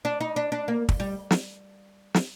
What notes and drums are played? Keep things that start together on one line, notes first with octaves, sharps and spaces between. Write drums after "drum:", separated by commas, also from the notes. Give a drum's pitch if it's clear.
D4
D#4
D4
D4
A#3
drum: kick
G3
drum: snare
drum: snare